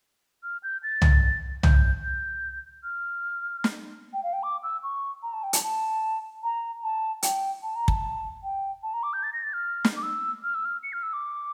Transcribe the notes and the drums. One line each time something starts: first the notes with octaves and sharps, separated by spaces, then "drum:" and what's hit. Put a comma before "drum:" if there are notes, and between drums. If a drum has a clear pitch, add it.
F6
G6
A6
drum: tom C2
G6, drum: tom C2
G6
F6
drum: snare
G5
F5
G5
D6
E6
C#6
A#5
A5
G5
A5, drum: hi-hat
A5
A#5
A5
G5, drum: hi-hat
A5
A#5
A5, drum: kick
G5
A5
A#5
D6
G6
A6
A#6
A6
F6
drum: snare
D6
E6
F6
E6
F6
C#7
F6
E6
D6